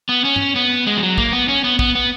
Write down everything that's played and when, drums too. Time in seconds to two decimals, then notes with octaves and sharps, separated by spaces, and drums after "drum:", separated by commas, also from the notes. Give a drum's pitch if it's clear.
0.09 B3
0.25 C#4
0.36 drum: tom
0.56 B3
0.87 G#3
0.97 F3
1.03 F#3
1.18 A#3, drum: kick
1.33 B3
1.48 C#4
1.64 B3
1.79 B3, drum: kick
1.95 B3